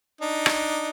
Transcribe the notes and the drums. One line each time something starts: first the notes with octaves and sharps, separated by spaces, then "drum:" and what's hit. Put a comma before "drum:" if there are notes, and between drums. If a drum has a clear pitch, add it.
D4 D#4
drum: rim click